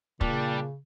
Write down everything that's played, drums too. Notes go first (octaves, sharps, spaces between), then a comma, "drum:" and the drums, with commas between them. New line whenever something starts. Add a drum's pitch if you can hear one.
A#2 C#3 G3 D4, drum: kick